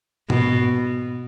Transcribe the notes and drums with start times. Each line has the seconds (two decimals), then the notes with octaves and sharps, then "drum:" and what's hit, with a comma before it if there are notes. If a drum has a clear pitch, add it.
0.30 B2, drum: tom G#2